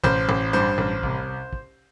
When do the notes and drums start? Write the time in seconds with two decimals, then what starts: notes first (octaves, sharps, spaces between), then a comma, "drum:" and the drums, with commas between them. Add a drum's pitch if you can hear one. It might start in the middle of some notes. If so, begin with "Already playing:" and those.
0.04 A1 C5, drum: kick
0.29 A1
0.53 G2 C5
0.78 A1
1.03 C2, drum: kick
1.53 drum: kick